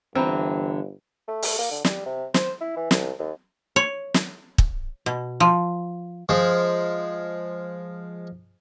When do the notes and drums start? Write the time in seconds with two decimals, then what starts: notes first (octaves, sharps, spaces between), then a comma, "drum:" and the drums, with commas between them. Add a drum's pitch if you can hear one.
0.15 G1 D3 E3 C4 G5 A#5 B5
1.28 A3
1.42 drum: open hi-hat
1.59 A#3
1.71 D3
1.84 G3, drum: snare
2.06 C3
2.34 C5, drum: snare
2.61 E4
2.77 E3
2.91 C2, drum: snare
3.19 D#2
3.76 C#5
4.14 drum: snare
4.58 drum: kick
5.06 B2
5.40 F3
6.29 F3 G#3